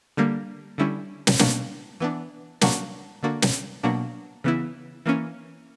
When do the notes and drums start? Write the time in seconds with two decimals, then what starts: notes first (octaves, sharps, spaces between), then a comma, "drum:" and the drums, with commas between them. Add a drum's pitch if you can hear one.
0.17 D3 G3 A#3
0.78 D3 G3 C#4 E4
1.27 drum: snare
1.39 B2 A#3 D4 F#4, drum: snare
2.00 E3 B3 D4
2.61 F#3 A#3 D4 F#4, drum: snare
3.23 D3 A#3 D4 F#4
3.42 drum: snare
3.83 B2 F#3 A#3 D4 F#4
4.44 C#3 E3 B3 E4
5.06 E3 A#3 C#4